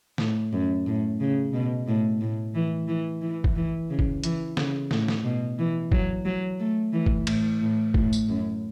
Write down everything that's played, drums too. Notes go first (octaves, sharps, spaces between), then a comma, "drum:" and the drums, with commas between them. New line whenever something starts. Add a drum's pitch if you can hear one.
A2, drum: snare
F#2
A2
C#3
B2
A2
A2
E3
E3
E3
drum: kick
E3
C#3
drum: kick
E3, drum: hi-hat
C#3, drum: snare
A2, drum: snare
drum: snare
B2
E3
F#3, drum: kick
F#3
A3
E3
drum: kick
A2, drum: cymbal
A2
A2, drum: kick
drum: tambourine
F#2